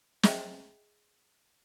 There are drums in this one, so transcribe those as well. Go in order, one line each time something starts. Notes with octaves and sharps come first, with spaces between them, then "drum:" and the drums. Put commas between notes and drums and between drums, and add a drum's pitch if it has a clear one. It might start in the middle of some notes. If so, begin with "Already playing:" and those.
G#4 D#5 E5 G5, drum: snare